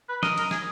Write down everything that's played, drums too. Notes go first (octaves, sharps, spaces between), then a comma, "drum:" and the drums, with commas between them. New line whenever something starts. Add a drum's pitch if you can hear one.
B4
A#4 D#5, drum: snare
A#4, drum: cymbal
G#4, drum: snare